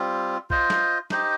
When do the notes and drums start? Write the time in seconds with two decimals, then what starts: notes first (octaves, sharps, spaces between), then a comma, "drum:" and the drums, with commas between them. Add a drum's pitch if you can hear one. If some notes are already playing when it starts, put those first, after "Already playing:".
Already playing: G3 C4 F4
0.50 F4 C5 D#5, drum: kick B1
0.70 drum: snare
1.10 D#4 G4 C5 D#5, drum: snare